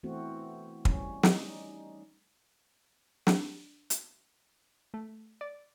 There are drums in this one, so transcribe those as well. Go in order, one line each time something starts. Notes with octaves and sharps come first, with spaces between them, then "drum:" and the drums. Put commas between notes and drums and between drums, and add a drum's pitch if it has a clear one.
E3 A3 B3 C4 F#4
G3 C#4, drum: kick
G3 D#4, drum: snare
D4, drum: snare
drum: hi-hat
A3
D5